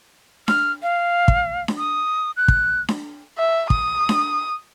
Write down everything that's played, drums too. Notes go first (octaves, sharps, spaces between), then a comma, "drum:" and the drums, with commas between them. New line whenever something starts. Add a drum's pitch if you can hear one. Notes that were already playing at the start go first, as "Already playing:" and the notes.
F6, drum: snare D4
F5
drum: kick
drum: snare D4
D#6
F#6
drum: kick
drum: snare D4
E5
D#6, drum: kick
drum: snare D4